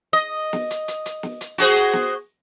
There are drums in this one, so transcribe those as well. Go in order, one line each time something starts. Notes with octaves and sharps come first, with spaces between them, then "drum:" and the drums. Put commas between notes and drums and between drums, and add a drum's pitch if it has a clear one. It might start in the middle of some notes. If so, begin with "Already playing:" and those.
D#5
drum: snare
drum: hi-hat
drum: hi-hat
drum: hi-hat
drum: snare
drum: hi-hat
F#4 G#4 C5, drum: hi-hat
drum: hi-hat
drum: snare